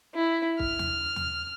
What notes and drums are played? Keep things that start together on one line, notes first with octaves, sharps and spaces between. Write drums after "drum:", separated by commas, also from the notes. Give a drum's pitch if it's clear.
E4
F6, drum: kick C2
drum: tom D#2
drum: tom D#2